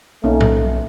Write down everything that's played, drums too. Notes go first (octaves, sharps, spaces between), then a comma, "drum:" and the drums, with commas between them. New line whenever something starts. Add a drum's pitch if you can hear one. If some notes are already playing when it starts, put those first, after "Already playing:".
B1 A3 A#3 C#4 D#4
drum: tom A2